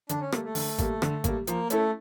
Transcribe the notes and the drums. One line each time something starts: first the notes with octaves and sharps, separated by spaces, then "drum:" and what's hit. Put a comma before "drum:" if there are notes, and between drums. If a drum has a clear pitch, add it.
D3 D4, drum: hi-hat
C#4
G3 A3 A#3, drum: rim click
A3
D3, drum: open hi-hat
G3 A#3, drum: kick G#1, hi-hat
D3, drum: rim click
G3 A#3, drum: kick G#1, hi-hat
F3 A#3, drum: hi-hat
A3 C#4 E4 A4, drum: hi-hat